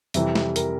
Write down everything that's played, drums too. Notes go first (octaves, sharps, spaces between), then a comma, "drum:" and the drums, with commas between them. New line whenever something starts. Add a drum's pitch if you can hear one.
F2 C3 E3 G3 E5, drum: hi-hat
drum: snare
A#4, drum: hi-hat